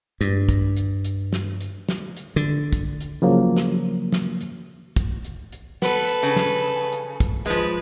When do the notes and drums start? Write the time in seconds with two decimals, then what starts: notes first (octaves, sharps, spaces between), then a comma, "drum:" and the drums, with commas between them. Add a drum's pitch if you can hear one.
0.21 G2, drum: hi-hat
0.49 drum: kick, hi-hat
0.77 drum: hi-hat
1.05 drum: hi-hat
1.33 drum: snare
1.61 drum: hi-hat
1.89 drum: snare
2.17 drum: hi-hat
2.36 D3
2.73 drum: kick, hi-hat
3.01 drum: hi-hat
3.22 C#3 F3 F#3 A#3
3.57 drum: snare
4.13 drum: snare
4.40 drum: hi-hat
4.96 drum: kick, hi-hat
5.24 drum: hi-hat
5.52 drum: hi-hat
5.82 B3 A4 B4, drum: snare
6.08 drum: hi-hat
6.23 C#3
6.36 drum: snare
6.92 drum: hi-hat
7.20 drum: kick, hi-hat
7.46 F3 G#3 B4, drum: hi-hat